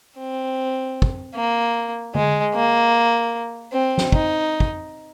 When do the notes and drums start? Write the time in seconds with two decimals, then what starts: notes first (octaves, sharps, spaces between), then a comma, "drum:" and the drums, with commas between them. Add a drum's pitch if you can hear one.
0.17 C4
1.02 drum: kick
1.35 A#3
2.15 G#3, drum: tom D3
2.55 A#3
3.72 C4
3.98 drum: snare
4.12 D#4, drum: kick
4.60 drum: kick